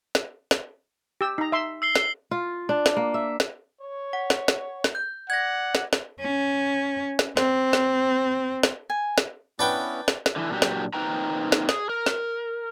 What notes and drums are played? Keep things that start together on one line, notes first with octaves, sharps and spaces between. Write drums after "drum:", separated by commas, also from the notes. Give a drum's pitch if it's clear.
drum: snare
drum: snare
G4 E6
D#4 A#5
E5 C6
E6 C7 G7
drum: snare
F4
D4
drum: snare
A#3
E5
drum: snare
C#5
F#5
drum: snare
drum: snare
drum: snare
G6
D5 F#5 G#6 A#6
drum: snare
drum: snare
C#4
drum: snare
C4, drum: snare
drum: snare
drum: snare
G#5
drum: snare
B3 C#4 D4 E4 B4 G5
drum: snare
drum: snare
D3 E3
A#2 F#3 D4 G4
drum: snare
A#3 C4 D#4 B4 G5 A#5
drum: snare
G#4, drum: snare
A#4
drum: snare